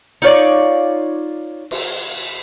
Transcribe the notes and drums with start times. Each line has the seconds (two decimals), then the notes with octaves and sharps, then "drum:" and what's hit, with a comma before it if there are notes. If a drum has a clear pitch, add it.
0.22 D#4 F4 C#5 D5
1.71 drum: cymbal